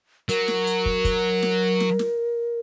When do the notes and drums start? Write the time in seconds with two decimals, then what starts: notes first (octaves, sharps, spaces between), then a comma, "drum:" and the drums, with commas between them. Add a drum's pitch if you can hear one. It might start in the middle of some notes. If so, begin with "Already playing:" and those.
0.29 F#3 A#4, drum: hi-hat
0.48 drum: snare
0.67 drum: hi-hat
0.86 drum: kick
1.05 drum: kick, hi-hat
1.42 drum: snare
1.80 drum: snare
1.99 drum: snare